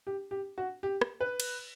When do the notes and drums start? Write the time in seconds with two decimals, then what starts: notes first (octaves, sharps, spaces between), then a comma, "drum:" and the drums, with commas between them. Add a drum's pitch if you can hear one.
0.07 G4
0.31 G4
0.58 F#4
0.83 G4
1.01 drum: rim click
1.20 B4
1.40 drum: cymbal